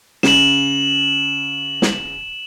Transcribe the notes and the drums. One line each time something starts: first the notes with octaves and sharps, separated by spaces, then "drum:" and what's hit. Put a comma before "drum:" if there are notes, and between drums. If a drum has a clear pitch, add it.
C#3 E7 F#7, drum: snare
drum: snare